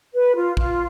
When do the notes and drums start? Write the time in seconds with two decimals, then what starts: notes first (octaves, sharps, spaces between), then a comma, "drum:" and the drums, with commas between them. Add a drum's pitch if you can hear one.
0.14 B4
0.35 F4
0.57 F4, drum: kick